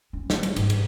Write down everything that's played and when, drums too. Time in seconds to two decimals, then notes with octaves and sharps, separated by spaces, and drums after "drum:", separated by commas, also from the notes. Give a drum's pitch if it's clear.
0.13 C#4
0.30 drum: snare
0.43 drum: cymbal
0.56 G#2, drum: cymbal
0.70 drum: cymbal